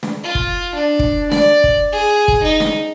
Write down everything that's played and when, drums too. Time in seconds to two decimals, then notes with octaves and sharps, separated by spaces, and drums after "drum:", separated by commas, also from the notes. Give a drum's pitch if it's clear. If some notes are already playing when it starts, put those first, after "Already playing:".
0.03 drum: snare
0.23 F4
0.35 drum: kick
0.75 D4
0.99 drum: kick
1.32 D5, drum: snare
1.64 drum: kick
1.92 G#4
2.28 drum: kick
2.43 D#4
2.60 drum: snare